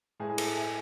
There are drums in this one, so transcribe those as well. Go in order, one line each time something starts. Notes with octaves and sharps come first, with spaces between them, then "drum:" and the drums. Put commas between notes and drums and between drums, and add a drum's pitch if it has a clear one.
A2 G#3 G#4
G#4
A4, drum: cymbal
E5 G#5